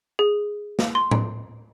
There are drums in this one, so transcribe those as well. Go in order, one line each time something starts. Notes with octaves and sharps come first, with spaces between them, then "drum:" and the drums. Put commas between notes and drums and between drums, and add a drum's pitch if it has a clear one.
G#4
drum: snare
C6
drum: tom A2